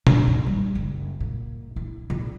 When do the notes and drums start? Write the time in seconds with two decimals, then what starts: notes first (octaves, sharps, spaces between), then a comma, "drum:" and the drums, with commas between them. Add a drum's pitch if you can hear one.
0.07 D4, drum: tom A#2
0.27 G2
0.47 G3
0.75 F#1
1.20 A#2
1.76 E4
2.10 A#2